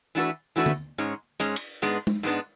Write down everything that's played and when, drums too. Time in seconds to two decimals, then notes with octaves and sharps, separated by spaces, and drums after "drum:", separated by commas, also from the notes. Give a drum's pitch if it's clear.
0.15 E3 A3 D4 F#4 B4
0.56 E3 A3 D4 F#4 B4
0.66 drum: tom
0.98 G#2 G#3 C#4
1.40 G#2 G#3 C#4, drum: hi-hat
1.56 drum: cymbal
1.82 G#2 G#3 B3 D4
2.07 drum: tom
2.23 G#2 G#3 B3 D4